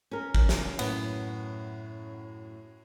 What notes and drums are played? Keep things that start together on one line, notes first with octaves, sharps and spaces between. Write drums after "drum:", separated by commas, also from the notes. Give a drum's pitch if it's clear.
C#4 A#4
drum: kick
drum: snare
F#2 A2 B3, drum: cymbal